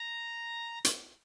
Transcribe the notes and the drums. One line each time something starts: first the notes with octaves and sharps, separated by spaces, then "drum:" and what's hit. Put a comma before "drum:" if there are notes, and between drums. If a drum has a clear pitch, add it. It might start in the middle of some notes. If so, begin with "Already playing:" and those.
Already playing: A#5
drum: hi-hat